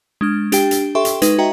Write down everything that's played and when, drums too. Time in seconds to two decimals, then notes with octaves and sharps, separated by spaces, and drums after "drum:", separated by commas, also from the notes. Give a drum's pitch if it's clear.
0.21 G#3 D4 F6
0.52 D4 G4 G5, drum: hi-hat
0.71 drum: hi-hat
0.95 G4 A4 E5 G5 C6 C#6
1.05 drum: hi-hat
1.22 G#3 D#4 B4, drum: hi-hat
1.38 F#4 D#5 E5 G5 A#5